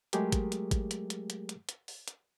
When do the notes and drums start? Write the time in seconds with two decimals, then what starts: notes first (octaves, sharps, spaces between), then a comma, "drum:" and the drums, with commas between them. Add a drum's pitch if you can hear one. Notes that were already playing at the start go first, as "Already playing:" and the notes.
0.13 F#3 G#3 A3 G4 G#4 A#4, drum: hi-hat
0.32 drum: kick G#1, hi-hat
0.52 drum: hi-hat
0.71 drum: kick G#1, hi-hat
0.91 drum: hi-hat
1.10 drum: hi-hat
1.30 drum: hi-hat
1.49 drum: hi-hat
1.69 drum: hi-hat
1.88 drum: open hi-hat
2.08 drum: hi-hat